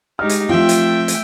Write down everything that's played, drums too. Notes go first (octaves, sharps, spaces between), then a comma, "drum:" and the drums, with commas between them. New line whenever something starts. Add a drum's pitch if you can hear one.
G#3 D#4 G4 F6
drum: hi-hat
F3 A3 C4 F4 E5 G5
drum: hi-hat
drum: hi-hat